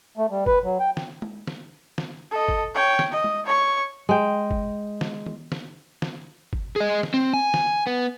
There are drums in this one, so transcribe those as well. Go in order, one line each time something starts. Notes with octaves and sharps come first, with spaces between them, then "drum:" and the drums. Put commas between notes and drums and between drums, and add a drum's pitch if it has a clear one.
A3
G3
B4, drum: kick
F#3
G5
drum: snare
drum: tom G#3
drum: snare
drum: snare
A4 D#5
drum: kick
C#5 G5
drum: snare
D#5
drum: tom G#3
C#5 C#6
G#3 G5
drum: kick
drum: snare
drum: tom D#3
drum: snare
drum: snare
drum: kick
G#4 D#5
drum: snare
C4
G#5
drum: snare
B3